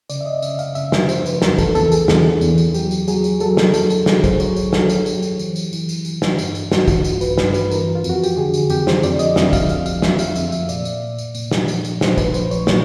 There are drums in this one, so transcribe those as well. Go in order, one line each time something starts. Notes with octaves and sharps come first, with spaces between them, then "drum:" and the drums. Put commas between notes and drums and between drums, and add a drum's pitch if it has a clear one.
C#3 D5, drum: tambourine
E5
D#5
C#3 E5, drum: tambourine
F5, drum: tambourine
C#3 E5, drum: tambourine
A#4, drum: snare
F3 C5, drum: tambourine
B4, drum: tambourine
E2 A#4, drum: snare
A4, drum: kick, tambourine
E2 A4, drum: tambourine
G#4, drum: tambourine
E2, drum: snare
E2, drum: tambourine
drum: tambourine
F#3 G4, drum: tambourine
drum: tambourine
F#3 G#4, drum: tambourine
drum: tambourine
F#3 A4, drum: tambourine
A#4, drum: snare
F#3 A4, drum: tambourine
drum: tambourine
F#3 G#4, drum: snare
C5, drum: kick, tambourine
F#3 C#5, drum: tambourine
drum: tambourine
F#3 A4, drum: snare
drum: tambourine
F#3 G4, drum: tambourine
drum: tambourine
E3, drum: tambourine
drum: tambourine
E3, drum: tambourine
drum: tambourine
E3, drum: tambourine
drum: snare
G2, drum: tambourine
drum: tambourine
E3 F#4, drum: snare
F4, drum: kick, tambourine
G2, drum: tambourine
B4, drum: tambourine
G2 B4, drum: snare
drum: tambourine
E3 A#4, drum: tambourine
F4
F2, drum: tambourine
F#4
G4, drum: tambourine
D3 G#4
drum: tambourine
F2 G4, drum: tambourine
C5, drum: snare
F2 D5, drum: tambourine
D#5, drum: tambourine
F2 E5, drum: snare
F5, drum: kick, tambourine
F2 F5, drum: tambourine
F5, drum: tambourine
F2 E5, drum: snare
F5, drum: tambourine
F2 E5, drum: tambourine
E5, drum: tambourine
A#2 D5, drum: tambourine
drum: tambourine
A#2
drum: tambourine
A#2, drum: tambourine
drum: snare
F3, drum: tambourine
drum: tambourine
A#2 C5, drum: snare
B4, drum: kick, tambourine
F3 C5, drum: tambourine
C#5, drum: tambourine
A#2, drum: snare